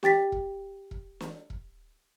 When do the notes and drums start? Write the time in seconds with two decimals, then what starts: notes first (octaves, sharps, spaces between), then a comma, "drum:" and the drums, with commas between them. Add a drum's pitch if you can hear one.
0.03 G4 G5 A6 B6, drum: snare
0.32 drum: kick E1
0.91 drum: kick E1
1.20 drum: snare
1.50 drum: kick E1